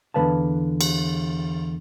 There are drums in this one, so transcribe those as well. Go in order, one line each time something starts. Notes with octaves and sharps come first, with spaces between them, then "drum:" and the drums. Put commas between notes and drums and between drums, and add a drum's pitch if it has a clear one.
E2 D3 F3 B4 F5 A5
drum: cymbal